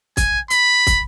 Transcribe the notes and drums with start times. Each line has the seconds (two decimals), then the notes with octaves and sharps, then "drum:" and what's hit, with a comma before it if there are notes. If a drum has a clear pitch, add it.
0.17 G#5, drum: kick, hi-hat
0.50 B5, drum: hi-hat
0.87 drum: kick, hi-hat